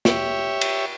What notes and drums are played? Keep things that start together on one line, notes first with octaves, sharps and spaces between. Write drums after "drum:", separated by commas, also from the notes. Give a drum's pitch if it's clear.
G4 C#5 E5, drum: snare
drum: cymbal